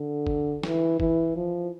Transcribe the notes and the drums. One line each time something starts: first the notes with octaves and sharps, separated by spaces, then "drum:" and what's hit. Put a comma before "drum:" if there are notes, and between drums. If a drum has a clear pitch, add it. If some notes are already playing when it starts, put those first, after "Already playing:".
Already playing: D3
drum: kick
E3, drum: snare
E3, drum: kick
F3